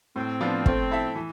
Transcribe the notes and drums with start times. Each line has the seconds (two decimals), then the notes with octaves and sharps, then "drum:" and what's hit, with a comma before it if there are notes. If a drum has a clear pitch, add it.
0.16 A2 C4
0.41 F3 B3 D4 F4
0.66 A3 C4, drum: kick
0.91 E4 A4 E5
1.16 E3